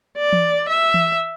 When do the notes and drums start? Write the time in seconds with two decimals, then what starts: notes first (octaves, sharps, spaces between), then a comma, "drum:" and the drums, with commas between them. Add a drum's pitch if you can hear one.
0.18 D5
0.33 drum: tom E3
0.69 E5
0.94 drum: tom E3